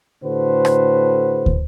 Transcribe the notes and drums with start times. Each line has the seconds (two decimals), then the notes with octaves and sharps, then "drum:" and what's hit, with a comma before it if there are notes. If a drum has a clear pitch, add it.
0.24 A2 D3 F#4 A4 B4 C5
0.65 drum: rim click
1.46 drum: kick